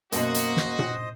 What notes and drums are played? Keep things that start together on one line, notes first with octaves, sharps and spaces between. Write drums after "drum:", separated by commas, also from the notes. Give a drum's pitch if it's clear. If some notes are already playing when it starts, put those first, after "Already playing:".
F#2 B2 A#3 F#4 C5 D#5 D#6, drum: hi-hat
drum: hi-hat
drum: snare
drum: tom A#2